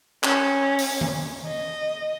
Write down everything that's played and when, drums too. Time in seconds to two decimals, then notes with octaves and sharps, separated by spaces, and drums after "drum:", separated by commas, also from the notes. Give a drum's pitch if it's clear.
0.23 C#4, drum: clap
0.79 drum: open hi-hat
1.01 drum: tom D#3
1.46 D#5